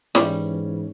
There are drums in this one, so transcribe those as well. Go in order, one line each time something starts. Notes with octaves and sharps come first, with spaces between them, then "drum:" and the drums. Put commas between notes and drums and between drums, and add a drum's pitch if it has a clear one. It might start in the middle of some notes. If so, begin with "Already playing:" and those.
G#2 E3 G3 C#4 C#5, drum: snare